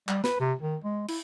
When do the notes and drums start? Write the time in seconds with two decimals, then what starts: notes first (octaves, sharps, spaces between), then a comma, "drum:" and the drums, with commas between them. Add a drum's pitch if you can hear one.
0.08 G3, drum: clap
0.24 B4, drum: snare
0.40 C3
0.62 D#3
0.84 G#3
1.08 E4, drum: cymbal